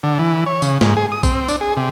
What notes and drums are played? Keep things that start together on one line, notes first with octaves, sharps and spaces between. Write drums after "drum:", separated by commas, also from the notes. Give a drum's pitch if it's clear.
D3
E3
C#5
C#3, drum: tambourine
G#2, drum: snare
G#4
D#6
C4, drum: kick A#1, tambourine
D4, drum: tambourine
G#4
C3